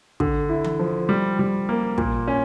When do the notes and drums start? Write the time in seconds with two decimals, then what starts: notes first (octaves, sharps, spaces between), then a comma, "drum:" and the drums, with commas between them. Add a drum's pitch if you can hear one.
0.20 D3, drum: kick
0.49 E4
0.64 drum: tom E3
0.79 F3
1.09 G3
1.39 G3
1.69 A#3
1.98 A#2, drum: kick
2.28 C#4